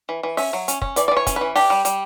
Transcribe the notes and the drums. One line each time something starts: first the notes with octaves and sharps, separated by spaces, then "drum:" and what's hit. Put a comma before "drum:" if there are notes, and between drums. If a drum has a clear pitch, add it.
E3
E3
C#4 E5, drum: open hi-hat
F#3
C#4, drum: hi-hat
C#4, drum: kick
E3 D5, drum: hi-hat
D5
E3
C#5
C#4, drum: kick, hi-hat
E3 B4
D4 G4, drum: open hi-hat
G3
G3, drum: hi-hat